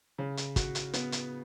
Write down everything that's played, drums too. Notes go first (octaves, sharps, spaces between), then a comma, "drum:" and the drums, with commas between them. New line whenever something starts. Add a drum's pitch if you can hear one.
C#3
drum: hi-hat
F#4, drum: kick, hi-hat
drum: hi-hat
B3, drum: hi-hat
drum: hi-hat